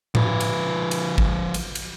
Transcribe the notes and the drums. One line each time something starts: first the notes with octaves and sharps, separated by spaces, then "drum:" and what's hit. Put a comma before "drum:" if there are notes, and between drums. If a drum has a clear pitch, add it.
F3 B4, drum: tom A2
drum: cymbal
drum: cymbal
drum: kick G#1
drum: cymbal
drum: cymbal